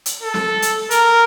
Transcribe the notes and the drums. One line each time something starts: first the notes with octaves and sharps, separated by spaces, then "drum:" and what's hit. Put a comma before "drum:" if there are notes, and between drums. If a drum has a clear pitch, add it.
drum: hi-hat
A4
drum: snare
drum: hi-hat
A#4, drum: hi-hat